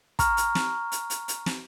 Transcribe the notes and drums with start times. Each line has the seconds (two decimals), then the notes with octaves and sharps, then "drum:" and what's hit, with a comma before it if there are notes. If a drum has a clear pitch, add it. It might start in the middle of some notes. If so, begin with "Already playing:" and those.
0.19 A#5 C#6 F6, drum: kick, hi-hat
0.37 drum: hi-hat
0.55 drum: snare
0.92 drum: hi-hat
1.10 drum: hi-hat
1.28 drum: hi-hat
1.46 drum: snare